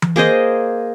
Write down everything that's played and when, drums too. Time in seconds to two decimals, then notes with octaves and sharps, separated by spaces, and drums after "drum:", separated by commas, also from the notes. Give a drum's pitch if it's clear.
0.02 drum: tom E3
0.16 A#3 G#4 C5 D#5